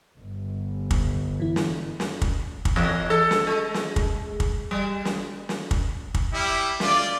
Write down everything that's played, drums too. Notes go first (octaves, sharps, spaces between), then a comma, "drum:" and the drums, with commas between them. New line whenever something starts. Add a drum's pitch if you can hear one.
G1
drum: kick
E3 E4
drum: snare
drum: snare
drum: kick
drum: kick
E2
A4
drum: snare
G#3
drum: snare
drum: kick
drum: kick
G3
drum: snare
drum: snare
drum: kick
drum: kick
G3 E4
F4 D5, drum: snare